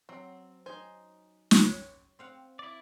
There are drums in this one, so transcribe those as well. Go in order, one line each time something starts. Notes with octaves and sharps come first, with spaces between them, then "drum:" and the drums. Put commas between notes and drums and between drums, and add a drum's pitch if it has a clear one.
F#3 C4
D#4 C5 G#5
drum: snare
C#5
C4 F5 F#5
E4 D5